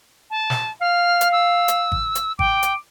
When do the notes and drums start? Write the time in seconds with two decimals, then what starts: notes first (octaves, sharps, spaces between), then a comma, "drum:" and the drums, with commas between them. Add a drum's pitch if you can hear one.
0.30 A5
0.50 drum: snare
0.81 F5 F6
1.21 drum: hi-hat
1.32 E6
1.68 drum: hi-hat
1.92 drum: kick G#1
2.15 drum: hi-hat
2.39 G5 D6, drum: kick G#1
2.63 drum: hi-hat